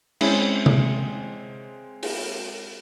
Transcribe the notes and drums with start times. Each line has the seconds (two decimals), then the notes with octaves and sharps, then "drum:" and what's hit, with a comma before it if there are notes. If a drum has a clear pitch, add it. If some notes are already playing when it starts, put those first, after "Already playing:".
0.21 G#3 C4 C#4 E4, drum: cymbal
0.66 drum: tom C3
2.03 drum: open hi-hat